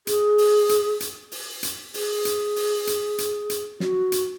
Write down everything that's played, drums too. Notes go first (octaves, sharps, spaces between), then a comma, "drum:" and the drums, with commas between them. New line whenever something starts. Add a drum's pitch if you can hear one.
G#4, drum: hi-hat
drum: open hi-hat
drum: hi-hat
drum: hi-hat
drum: open hi-hat
drum: hi-hat
G#4, drum: open hi-hat
drum: hi-hat
drum: open hi-hat
drum: hi-hat
drum: hi-hat
drum: hi-hat
F#4, drum: snare
drum: hi-hat